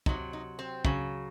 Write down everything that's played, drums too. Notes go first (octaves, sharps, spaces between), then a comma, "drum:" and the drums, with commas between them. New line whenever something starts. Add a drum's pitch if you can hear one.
C3 F#3 D#4, drum: kick
D#4
C4
C#3 F#3, drum: kick